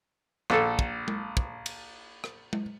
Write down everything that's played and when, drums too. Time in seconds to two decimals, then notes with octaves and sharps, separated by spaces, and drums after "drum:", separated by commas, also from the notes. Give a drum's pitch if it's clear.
0.50 A#1 A4, drum: rim click
0.79 drum: kick
1.08 drum: tom G#3
1.37 drum: kick
1.66 drum: cymbal
2.24 drum: rim click
2.53 drum: tom G#3